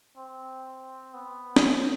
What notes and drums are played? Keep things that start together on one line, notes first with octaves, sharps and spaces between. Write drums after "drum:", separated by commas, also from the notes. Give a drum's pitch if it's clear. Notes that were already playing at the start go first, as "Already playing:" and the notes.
C4
B3
drum: snare